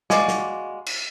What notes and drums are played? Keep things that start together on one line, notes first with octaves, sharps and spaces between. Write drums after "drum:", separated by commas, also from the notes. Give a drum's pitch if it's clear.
G#3 A#3 F#4 D5, drum: snare
drum: snare
drum: cymbal